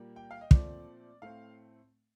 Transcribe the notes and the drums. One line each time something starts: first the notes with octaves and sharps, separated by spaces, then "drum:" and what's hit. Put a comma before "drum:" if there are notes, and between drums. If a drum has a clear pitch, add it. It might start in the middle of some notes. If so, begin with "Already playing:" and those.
Already playing: A#2 G3 A#3
G5
F5
D#5
A#2 F3 A3 C4 D5, drum: kick
A2 A3 C4 F5